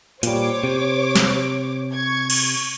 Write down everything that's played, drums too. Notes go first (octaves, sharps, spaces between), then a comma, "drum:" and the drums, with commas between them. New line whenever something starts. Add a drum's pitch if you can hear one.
A#2 G3 C5 C#5 D6, drum: hi-hat
C3
drum: snare
C#6 G#6
drum: cymbal